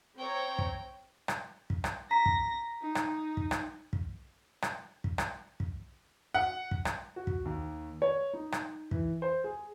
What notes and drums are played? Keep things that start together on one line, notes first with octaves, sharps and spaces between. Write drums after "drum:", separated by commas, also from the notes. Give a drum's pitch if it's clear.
C4 C#5 G5 A#5
drum: kick
drum: rim click
drum: kick
drum: rim click
A#5 A#6 B6
drum: kick
D#4
drum: rim click
drum: kick
drum: rim click
drum: kick
drum: rim click
drum: kick
drum: rim click
drum: kick
F#5
drum: kick
drum: rim click
F#4
drum: kick
D#2
C#5
D#4
drum: rim click
E3, drum: kick
C5
G#4